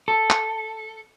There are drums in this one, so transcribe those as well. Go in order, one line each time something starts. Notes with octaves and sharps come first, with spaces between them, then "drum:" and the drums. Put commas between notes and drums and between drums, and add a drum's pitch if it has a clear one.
A4
drum: clap